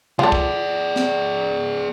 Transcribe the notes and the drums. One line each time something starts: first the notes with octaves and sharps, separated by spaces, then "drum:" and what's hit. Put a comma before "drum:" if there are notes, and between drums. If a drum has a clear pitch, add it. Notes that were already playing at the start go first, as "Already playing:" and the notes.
F4 G#4 A4 D5, drum: tom B2
drum: kick
drum: snare